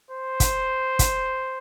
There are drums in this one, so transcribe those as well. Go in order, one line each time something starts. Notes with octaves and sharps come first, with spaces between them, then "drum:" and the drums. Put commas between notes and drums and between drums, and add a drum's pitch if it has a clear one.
C5
drum: kick, hi-hat
drum: kick, hi-hat